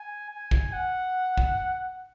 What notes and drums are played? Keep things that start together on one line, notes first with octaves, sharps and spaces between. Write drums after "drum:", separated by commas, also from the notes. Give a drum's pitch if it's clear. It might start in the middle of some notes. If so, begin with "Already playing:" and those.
Already playing: G#5
G#5
drum: kick
F#5
drum: kick